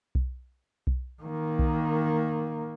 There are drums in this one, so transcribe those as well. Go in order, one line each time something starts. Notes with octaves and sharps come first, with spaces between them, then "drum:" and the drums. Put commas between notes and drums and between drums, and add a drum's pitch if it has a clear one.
drum: kick B1
drum: kick B1
D#3 A#3
drum: kick B1